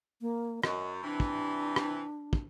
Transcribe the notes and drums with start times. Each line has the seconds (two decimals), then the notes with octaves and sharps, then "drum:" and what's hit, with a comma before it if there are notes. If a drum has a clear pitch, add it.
0.21 A#3
0.64 F#2 D#5, drum: rim click
1.04 C3 E3 D4
1.20 drum: kick
1.76 drum: rim click
2.33 drum: kick